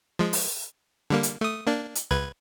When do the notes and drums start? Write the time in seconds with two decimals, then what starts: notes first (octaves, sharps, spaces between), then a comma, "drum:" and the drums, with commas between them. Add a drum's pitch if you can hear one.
0.19 F3 G#3
0.33 drum: open hi-hat
1.10 D3 G3 A#3
1.23 drum: hi-hat
1.41 A3 D#6
1.66 A#3 D4
1.95 drum: hi-hat
2.11 C#2 B4 G#6